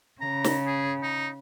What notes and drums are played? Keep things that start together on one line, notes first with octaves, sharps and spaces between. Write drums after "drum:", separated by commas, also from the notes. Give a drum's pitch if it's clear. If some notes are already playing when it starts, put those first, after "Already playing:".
C#3 A#5
drum: snare
G#4
D#4